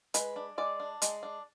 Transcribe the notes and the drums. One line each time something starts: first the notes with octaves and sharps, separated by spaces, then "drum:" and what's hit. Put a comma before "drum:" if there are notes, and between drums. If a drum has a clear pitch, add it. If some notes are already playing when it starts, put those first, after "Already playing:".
G#3 B4, drum: hi-hat
D4
G#3 D5
D4
G#3, drum: hi-hat
D4